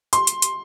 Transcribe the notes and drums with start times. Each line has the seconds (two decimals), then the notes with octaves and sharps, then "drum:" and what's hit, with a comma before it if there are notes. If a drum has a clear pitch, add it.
0.13 C6, drum: hi-hat
0.27 drum: hi-hat
0.42 drum: hi-hat